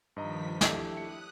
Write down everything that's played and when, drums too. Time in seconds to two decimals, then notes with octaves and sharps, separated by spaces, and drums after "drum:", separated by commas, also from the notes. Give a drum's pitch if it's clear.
0.16 G2 D#3 F3 D#5 A#5 B6
0.61 A3 D4 E4 G4, drum: snare
0.97 D#6 F#6 C#7